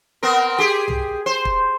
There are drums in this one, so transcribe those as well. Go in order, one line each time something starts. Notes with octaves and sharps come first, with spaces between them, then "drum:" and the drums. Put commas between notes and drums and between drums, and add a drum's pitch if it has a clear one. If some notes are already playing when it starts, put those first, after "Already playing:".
B3 C4 A#4
G4 G#4
drum: tom C2
C5
drum: kick